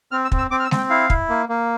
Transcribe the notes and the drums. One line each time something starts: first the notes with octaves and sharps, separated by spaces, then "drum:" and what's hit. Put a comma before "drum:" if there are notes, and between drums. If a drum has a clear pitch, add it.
C4 F6
E6
C4, drum: kick
E6
C4 D6
F6
E6
C4, drum: snare G#3
G5
E4 F5
E4, drum: kick
A#3
A#3